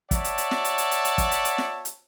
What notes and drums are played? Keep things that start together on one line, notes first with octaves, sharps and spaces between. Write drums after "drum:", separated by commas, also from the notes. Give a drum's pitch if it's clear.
C#5 D5 E5 F#5 A5, drum: kick, hi-hat
drum: hi-hat
drum: hi-hat
drum: snare
drum: hi-hat
drum: hi-hat
drum: hi-hat
drum: hi-hat
drum: kick, hi-hat
drum: hi-hat
drum: hi-hat
drum: snare
drum: hi-hat